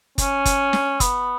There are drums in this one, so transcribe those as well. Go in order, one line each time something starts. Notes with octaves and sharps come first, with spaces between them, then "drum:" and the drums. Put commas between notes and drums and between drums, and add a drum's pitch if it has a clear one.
C#4, drum: kick, hi-hat
drum: kick, hi-hat
drum: snare
B3, drum: kick, hi-hat